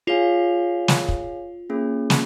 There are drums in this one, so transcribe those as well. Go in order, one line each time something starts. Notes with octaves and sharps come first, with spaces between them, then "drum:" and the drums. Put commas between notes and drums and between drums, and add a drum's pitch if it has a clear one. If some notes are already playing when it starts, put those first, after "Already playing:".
F4 G#4 C#5 F5 G#5
drum: snare
drum: kick
A#3 C#4 G#4
drum: snare